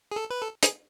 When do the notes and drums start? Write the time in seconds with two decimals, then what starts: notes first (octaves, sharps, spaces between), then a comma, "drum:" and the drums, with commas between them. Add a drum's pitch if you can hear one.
0.11 G#4
0.16 A4
0.30 B4
0.42 A4
0.63 G#4, drum: hi-hat